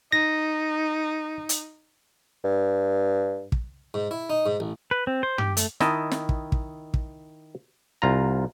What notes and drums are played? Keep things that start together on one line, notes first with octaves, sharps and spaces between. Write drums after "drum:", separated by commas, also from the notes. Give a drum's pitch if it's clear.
D#4 A#6
drum: hi-hat
G2
drum: kick
G#2
E4
D#4
G#2
A1
B4
C4
C5
G4, drum: tom
A3, drum: hi-hat
D#3 E4 D#5 A5, drum: snare
drum: snare
drum: kick
drum: kick
drum: kick
C2 F4 A#5